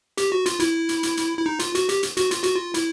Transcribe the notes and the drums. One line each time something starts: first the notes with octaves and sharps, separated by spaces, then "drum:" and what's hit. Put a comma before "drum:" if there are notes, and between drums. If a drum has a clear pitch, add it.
G4, drum: hi-hat
F#4
F4, drum: hi-hat
E4, drum: hi-hat
drum: hi-hat
drum: hi-hat
drum: hi-hat
E4
D#4
F4, drum: hi-hat
F#4, drum: hi-hat
G4, drum: hi-hat
drum: hi-hat
F#4, drum: hi-hat
F4, drum: hi-hat
F#4, drum: hi-hat
F4
E4, drum: hi-hat